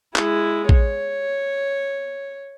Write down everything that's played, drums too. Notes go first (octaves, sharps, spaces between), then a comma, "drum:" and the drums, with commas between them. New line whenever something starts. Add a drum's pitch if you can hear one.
G#3 E4, drum: clap
C#5, drum: kick